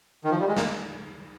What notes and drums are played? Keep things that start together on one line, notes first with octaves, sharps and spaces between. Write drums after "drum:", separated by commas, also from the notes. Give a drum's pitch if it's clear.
D#3
F3
G3
G#3
A#3, drum: snare